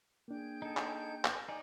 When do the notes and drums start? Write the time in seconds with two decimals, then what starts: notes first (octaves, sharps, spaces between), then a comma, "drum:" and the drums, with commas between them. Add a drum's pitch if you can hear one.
0.28 A#3 D4 G#4 G5 G6
0.62 D#4 A4
0.77 drum: clap
1.25 drum: clap
1.48 D#4 D5 G#5